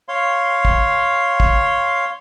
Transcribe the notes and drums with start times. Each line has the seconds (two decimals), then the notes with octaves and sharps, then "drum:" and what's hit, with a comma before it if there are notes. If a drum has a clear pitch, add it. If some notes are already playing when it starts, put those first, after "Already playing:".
0.08 C#5 F5 C6
0.65 drum: kick
1.40 drum: kick